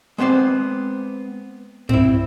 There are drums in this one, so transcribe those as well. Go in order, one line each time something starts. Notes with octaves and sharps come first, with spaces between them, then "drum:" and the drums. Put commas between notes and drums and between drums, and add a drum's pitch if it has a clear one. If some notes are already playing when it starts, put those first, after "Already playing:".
G#3 B3 C4 C5 D5
C4 E4, drum: tom G2